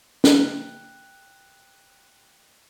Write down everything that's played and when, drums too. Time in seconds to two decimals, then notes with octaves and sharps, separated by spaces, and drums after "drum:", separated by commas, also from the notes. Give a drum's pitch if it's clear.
0.24 G5 F#6, drum: snare